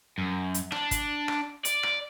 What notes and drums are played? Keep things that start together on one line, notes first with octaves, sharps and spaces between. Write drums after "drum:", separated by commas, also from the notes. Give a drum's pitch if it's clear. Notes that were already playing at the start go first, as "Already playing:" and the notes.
F#2
drum: hi-hat
D4, drum: rim click
drum: kick, hi-hat
drum: rim click
D5, drum: hi-hat
drum: rim click